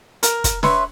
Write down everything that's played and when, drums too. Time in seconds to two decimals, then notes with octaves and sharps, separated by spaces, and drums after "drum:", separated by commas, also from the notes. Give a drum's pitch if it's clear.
0.23 A#4, drum: hi-hat
0.44 drum: kick, hi-hat
0.63 B4 C#5 E5 C6, drum: snare